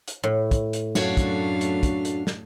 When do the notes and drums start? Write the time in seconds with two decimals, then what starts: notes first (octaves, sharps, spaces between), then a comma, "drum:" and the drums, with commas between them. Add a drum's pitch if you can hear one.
0.08 drum: hi-hat
0.23 A2
0.51 drum: kick, hi-hat
0.73 drum: hi-hat
0.95 F#2 A3 D4 F#4 C#5 F5, drum: snare
1.17 drum: kick, hi-hat
1.61 drum: hi-hat
1.83 drum: kick, hi-hat
2.05 drum: hi-hat
2.27 drum: snare